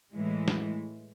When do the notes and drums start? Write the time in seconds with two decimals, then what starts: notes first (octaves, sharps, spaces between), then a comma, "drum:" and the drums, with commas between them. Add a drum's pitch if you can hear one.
0.14 A2 E3 G#3
0.48 drum: snare